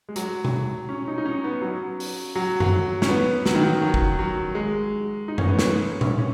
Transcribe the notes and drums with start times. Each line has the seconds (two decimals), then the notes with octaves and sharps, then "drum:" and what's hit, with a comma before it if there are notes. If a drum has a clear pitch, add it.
0.09 G#3
0.16 F#3, drum: hi-hat
0.45 drum: tom B2
0.89 C#4
1.08 D#4
1.18 D#4
1.25 C#4
1.44 B3
1.61 F#3
2.00 drum: open hi-hat
2.35 F#3
2.60 F#3, drum: tom F#2
3.02 C#4, drum: snare
3.09 B3
3.46 F#3, drum: snare
3.55 D#3
3.64 F#3
3.82 F#3
3.94 drum: kick
4.19 F#3
4.55 G#3
5.28 D#4
5.38 C#4, drum: tom F#2
5.48 B3
5.59 C#4, drum: snare
6.01 C#4, drum: tom A#2
6.19 C#4